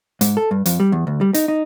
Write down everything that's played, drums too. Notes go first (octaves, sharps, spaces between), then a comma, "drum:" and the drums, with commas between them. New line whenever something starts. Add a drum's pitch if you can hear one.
G#2, drum: hi-hat
A4
G2
F2, drum: hi-hat
G3
E2
D2
G3
D#4, drum: hi-hat
D#4